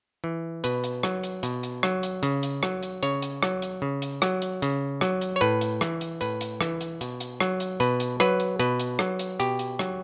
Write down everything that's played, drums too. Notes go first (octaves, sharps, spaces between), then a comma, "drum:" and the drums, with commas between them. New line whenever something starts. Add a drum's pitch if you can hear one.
E3
B2 B4, drum: hi-hat
drum: hi-hat
F#3, drum: rim click
drum: hi-hat
B2, drum: hi-hat
drum: hi-hat
F#3, drum: rim click
drum: hi-hat
C#3, drum: hi-hat
drum: hi-hat
F#3, drum: rim click
drum: hi-hat
C#3 C#5, drum: hi-hat
drum: hi-hat
F#3, drum: rim click
drum: hi-hat
C#3
drum: hi-hat
F#3, drum: rim click
drum: hi-hat
C#3, drum: hi-hat
F#3, drum: rim click
drum: hi-hat
C#5
A2 B4, drum: hi-hat
drum: hi-hat
E3, drum: rim click
drum: hi-hat
A2 B4, drum: hi-hat
drum: hi-hat
E3, drum: rim click
drum: hi-hat
B2, drum: hi-hat
drum: hi-hat
F#3, drum: rim click
drum: hi-hat
B2 B4, drum: hi-hat
drum: hi-hat
F#3 B4, drum: rim click
drum: hi-hat
B2 B4, drum: hi-hat
drum: hi-hat
F#3, drum: rim click
drum: hi-hat
B2 G4, drum: hi-hat
drum: hi-hat
F#3, drum: rim click